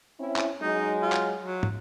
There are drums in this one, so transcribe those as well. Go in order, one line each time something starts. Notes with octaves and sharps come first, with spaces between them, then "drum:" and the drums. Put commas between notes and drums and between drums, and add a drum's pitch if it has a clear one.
C4 C#4 E4
drum: clap
F#3 G#3 D#4
F4
drum: clap
F#3
drum: tom